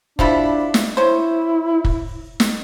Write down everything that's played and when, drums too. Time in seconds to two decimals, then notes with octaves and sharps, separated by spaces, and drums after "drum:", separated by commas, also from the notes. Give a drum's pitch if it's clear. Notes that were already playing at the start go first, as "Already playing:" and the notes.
0.19 F3 G3 D4 E4, drum: kick
0.74 drum: snare
0.97 C#4 E4 C5
1.85 drum: kick
2.40 drum: snare